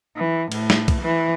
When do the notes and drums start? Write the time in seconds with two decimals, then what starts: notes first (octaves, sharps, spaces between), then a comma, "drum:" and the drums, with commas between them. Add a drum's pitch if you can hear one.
0.17 E3
0.52 A2, drum: cymbal
0.70 drum: snare
0.88 drum: kick B1, cymbal
1.02 E3